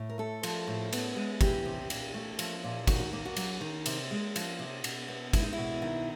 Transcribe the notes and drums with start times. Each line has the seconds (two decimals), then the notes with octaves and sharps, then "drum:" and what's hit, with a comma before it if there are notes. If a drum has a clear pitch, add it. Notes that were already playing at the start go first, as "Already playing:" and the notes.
Already playing: A2
0.09 A#4
0.18 A3 A4
0.43 F3, drum: cymbal
0.67 A2
0.93 B3, drum: cymbal
1.16 G#3
1.41 E3 G4, drum: kick, cymbal
1.65 C3
1.90 A#2, drum: cymbal
2.14 A3
2.39 F3, drum: cymbal
2.64 A#2
2.87 D#3 F#4, drum: kick, cymbal
3.00 F#4
3.13 A#3
3.25 F#4
3.36 F#3, drum: cymbal
3.61 D#3
3.86 C3, drum: cymbal
4.11 G#3
4.36 F3, drum: cymbal
4.59 C3
4.84 B2, drum: cymbal
5.08 B3
5.33 G#3 E4, drum: kick, cymbal
5.42 D#4
5.53 E4
5.58 B2
5.82 D#3